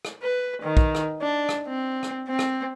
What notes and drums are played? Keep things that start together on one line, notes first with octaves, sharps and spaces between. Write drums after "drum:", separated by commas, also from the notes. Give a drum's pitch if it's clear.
drum: rim click
B4
D#3
drum: kick
drum: rim click
D4
drum: rim click
C4
drum: rim click
C4
drum: rim click